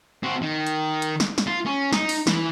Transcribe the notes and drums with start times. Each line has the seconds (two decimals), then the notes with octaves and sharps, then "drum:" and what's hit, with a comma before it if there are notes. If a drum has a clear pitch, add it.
0.23 C4 F#4
0.42 D#3
0.67 drum: hi-hat
1.02 drum: hi-hat
1.20 drum: snare
1.38 drum: snare
1.47 F4
1.66 C#4
1.93 D#4, drum: snare
2.09 drum: open hi-hat
2.27 E3, drum: snare